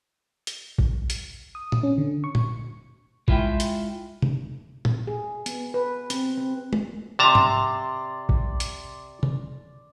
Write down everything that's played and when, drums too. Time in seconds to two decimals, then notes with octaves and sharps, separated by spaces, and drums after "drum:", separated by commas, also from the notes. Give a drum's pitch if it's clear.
0.47 drum: hi-hat
0.78 drum: kick A1
1.10 drum: hi-hat
1.55 D#6
1.72 drum: tom
1.83 C#4
1.98 D3
2.24 C#6
2.35 drum: tom
3.28 G#3 E4 F4 E5 G5, drum: kick A1
3.60 drum: hi-hat
4.22 drum: tom C3
4.85 drum: tom
5.07 G#4
5.46 B3, drum: hi-hat
5.74 B4
6.10 C4, drum: hi-hat
6.38 C4
6.73 drum: tom
7.19 C3 D5 A5 A#5 C6
7.35 drum: tom G#2
8.29 drum: kick A1
8.60 drum: hi-hat
9.23 drum: tom C3